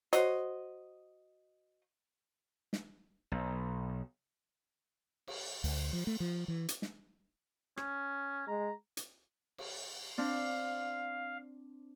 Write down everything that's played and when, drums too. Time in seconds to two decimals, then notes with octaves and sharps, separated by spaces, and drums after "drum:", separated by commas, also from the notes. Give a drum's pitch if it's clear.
0.13 F#4 C5 C#5 D#5, drum: hi-hat
2.73 drum: snare
3.32 B1
5.28 drum: cymbal
5.64 D2, drum: open hi-hat
5.93 F3
6.07 A3
6.20 F3
6.48 E3
6.69 drum: hi-hat
6.82 drum: snare
7.77 C#4, drum: rim click
8.48 G#3 A#5
8.97 drum: hi-hat
9.58 drum: cymbal
10.18 C4 D4 F5